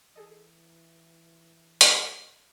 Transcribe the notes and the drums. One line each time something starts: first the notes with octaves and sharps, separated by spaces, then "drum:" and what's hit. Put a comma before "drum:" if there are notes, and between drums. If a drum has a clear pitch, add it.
E3 G#4 A4 D#5
drum: hi-hat